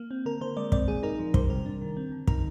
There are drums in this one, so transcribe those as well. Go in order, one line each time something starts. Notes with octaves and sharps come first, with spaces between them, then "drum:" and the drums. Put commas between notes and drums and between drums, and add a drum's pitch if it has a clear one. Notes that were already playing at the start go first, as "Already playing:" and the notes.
Already playing: A#3
C4
D3 A#4
D3 C5
G#3 D5
C4 D5, drum: kick
A#2 G#4
D#4 A#4
F3
G3 C5, drum: kick
C3 A#4
D4
D#3
C4
D3
D#4 A#4, drum: kick